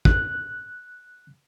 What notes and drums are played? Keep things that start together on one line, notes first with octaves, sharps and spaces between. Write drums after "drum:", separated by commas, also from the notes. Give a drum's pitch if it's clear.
F#6, drum: kick